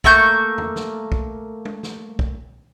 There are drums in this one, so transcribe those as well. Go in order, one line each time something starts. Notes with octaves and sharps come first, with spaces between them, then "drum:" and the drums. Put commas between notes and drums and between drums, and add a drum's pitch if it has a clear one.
A3 A#3 C#6 G6, drum: kick
drum: tom E2
drum: snare
drum: kick
drum: tom
drum: snare
drum: kick